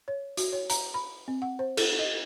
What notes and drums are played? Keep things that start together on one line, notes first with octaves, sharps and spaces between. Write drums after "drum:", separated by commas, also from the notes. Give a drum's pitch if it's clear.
C#5
F#4, drum: hi-hat
C#5
A#5, drum: hi-hat
B5
C4
F#5
C5
A4, drum: cymbal
D#5